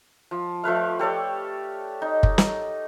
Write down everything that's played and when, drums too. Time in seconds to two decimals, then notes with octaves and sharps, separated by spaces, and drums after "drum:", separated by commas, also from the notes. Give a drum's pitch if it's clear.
0.31 F3
0.64 F3 A3 B4 F5
0.99 G4 A4 C#5 D5
2.02 D#4
2.23 drum: kick
2.38 drum: snare